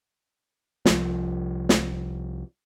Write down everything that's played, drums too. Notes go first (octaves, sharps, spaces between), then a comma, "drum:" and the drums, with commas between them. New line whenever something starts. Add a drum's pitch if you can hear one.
C2 F3, drum: snare
drum: snare